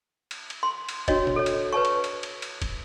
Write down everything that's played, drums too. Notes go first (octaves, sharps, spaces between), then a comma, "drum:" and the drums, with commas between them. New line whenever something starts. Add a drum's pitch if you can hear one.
drum: cymbal
drum: cymbal
C6
drum: cymbal
D4 F#4 C#5 D#5, drum: kick, cymbal
drum: tom
A4 C#5
drum: cymbal
B4 C#5 A5 C#6
drum: cymbal
drum: cymbal
drum: cymbal
drum: cymbal
drum: kick, cymbal